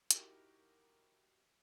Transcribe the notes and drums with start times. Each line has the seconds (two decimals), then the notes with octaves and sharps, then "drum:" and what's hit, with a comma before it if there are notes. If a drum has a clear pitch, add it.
0.11 D#4 E4 F#4 G4 A#4, drum: hi-hat